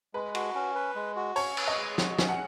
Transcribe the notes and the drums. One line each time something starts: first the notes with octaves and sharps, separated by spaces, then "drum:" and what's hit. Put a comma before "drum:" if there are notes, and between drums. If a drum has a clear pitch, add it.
G#3 B4
F#4, drum: cymbal
C#4
B4
G#3
F#4
C#4 C#5, drum: open hi-hat
B4, drum: cymbal
D#5
G#3
F#4, drum: snare
C#4, drum: snare
F#5